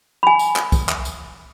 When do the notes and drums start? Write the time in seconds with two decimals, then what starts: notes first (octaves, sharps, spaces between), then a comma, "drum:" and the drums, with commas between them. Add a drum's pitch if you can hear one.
0.23 G#5 B5
0.39 drum: tambourine
0.56 drum: clap
0.72 drum: kick, tambourine
0.89 drum: clap
1.05 drum: tambourine